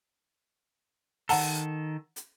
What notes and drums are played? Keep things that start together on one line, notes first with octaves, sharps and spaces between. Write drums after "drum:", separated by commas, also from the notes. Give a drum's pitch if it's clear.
D#3 A4 F#5 A5 A#5, drum: open hi-hat
drum: hi-hat